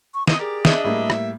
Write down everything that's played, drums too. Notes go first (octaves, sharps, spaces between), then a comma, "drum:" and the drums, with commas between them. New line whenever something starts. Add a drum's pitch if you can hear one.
C#6
E4 D#5, drum: snare
G4 G#4 A#4 D5
D4 D#5 E5, drum: snare
A2 G3 A#3 E5
drum: rim click